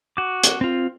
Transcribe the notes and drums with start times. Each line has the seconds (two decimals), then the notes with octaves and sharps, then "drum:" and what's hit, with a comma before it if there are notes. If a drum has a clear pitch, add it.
0.17 F#4 D6
0.43 drum: hi-hat
0.61 C4 F4